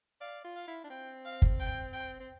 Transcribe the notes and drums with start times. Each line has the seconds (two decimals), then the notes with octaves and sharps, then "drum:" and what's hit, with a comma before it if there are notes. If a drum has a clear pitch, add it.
0.21 D5 F5
0.44 F4
0.56 F5
0.67 E4
0.84 D4
0.90 C4 G5
1.25 F5
1.42 drum: kick
1.60 G5
1.93 G5
2.20 C4